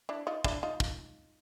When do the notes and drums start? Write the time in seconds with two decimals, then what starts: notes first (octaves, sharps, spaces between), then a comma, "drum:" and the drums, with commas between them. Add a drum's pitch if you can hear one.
0.09 D4 E4
0.27 D#4 F4
0.44 D4 E4, drum: kick
0.63 D#4 F4
0.80 drum: kick